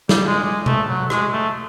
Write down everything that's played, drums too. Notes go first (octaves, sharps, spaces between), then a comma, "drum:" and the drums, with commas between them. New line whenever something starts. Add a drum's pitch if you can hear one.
G3, drum: snare
G#3
G#3
A3, drum: tom B2
F#3
G#3, drum: rim click
A3